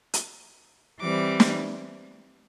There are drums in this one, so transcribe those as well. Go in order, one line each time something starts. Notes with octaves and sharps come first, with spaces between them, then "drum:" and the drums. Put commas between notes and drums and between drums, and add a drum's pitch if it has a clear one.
drum: hi-hat
E3 G3 C4 D6
drum: snare